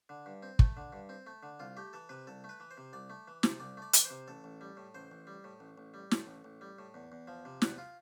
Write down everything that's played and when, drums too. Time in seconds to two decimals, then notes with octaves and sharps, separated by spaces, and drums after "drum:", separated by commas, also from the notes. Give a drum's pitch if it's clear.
0.09 D3
0.26 G2
0.43 C4
0.59 A3, drum: kick
0.77 D3
0.93 G2
1.09 C4
1.26 A3
1.43 D3
1.59 C2 F4
1.77 A3 G4
1.93 E3 A4
2.09 C3 B4
2.27 C2 A4
2.44 A3
2.49 B4
2.60 E3
2.71 C5
2.77 C3
2.93 C2 D5
3.10 A3
3.28 E3
3.43 C3, drum: snare
3.60 C2 D5
3.77 A3 D5
3.93 E3, drum: hi-hat
4.05 C5
4.10 C3
4.28 A1 A4
4.44 A1
4.61 G3
4.77 A2
4.94 A1 C5
5.11 A1
5.27 G3
5.44 A2
5.60 A1
5.78 A1
5.94 G3
6.11 A2, drum: snare
6.27 A1
6.44 A1
6.61 G3
6.79 A2
6.94 E2
7.12 E2
7.27 F3
7.45 C3
7.62 E2 B4, drum: snare
7.78 F4